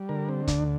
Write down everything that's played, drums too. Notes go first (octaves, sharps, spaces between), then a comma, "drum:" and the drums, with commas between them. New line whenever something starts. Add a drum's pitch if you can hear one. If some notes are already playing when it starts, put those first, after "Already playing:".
Already playing: G3
D3 A#4
C4
D2 D4, drum: kick, hi-hat